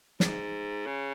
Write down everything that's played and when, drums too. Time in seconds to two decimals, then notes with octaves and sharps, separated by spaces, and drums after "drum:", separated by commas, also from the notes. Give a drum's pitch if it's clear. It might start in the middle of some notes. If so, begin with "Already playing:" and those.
0.20 G#2, drum: snare
0.86 C#3